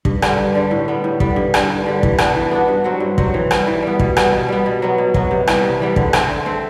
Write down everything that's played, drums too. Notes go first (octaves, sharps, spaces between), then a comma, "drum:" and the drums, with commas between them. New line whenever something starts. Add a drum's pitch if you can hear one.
G2, drum: kick
D3 G3, drum: rim click
G2
D3 G3
A2
G3 B3
A2
G3 B3, drum: kick
G2
D3 G3, drum: rim click
G2
D3 G3
E3, drum: kick
B3 D4 F#4, drum: rim click
E3
B3 D4 F#4
G2
F#3 C4 F#4
G2
F#3 C4 F#4, drum: kick
E3
G3 B3, drum: rim click
E3
G3 B3
B2, drum: kick
G3 B3, drum: rim click
B2
G3 B3
B2
F#3 B3
B2
F#3 B3, drum: kick
C3
E3 G3 B3, drum: rim click
C3
E3 G3 B3
D3, drum: kick
A3 C4, drum: rim click
D3
A3 C4